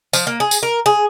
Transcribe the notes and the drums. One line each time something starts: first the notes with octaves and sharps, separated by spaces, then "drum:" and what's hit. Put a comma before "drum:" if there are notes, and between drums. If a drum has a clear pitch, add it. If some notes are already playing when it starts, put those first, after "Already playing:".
F3, drum: tambourine
A#3
G#4
drum: tambourine
A#4
G#4